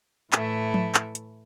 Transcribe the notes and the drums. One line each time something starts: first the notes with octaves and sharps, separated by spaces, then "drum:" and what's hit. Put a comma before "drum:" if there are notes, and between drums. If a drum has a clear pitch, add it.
A2 E3 A3 E4, drum: clap
drum: tom F3
drum: clap
drum: hi-hat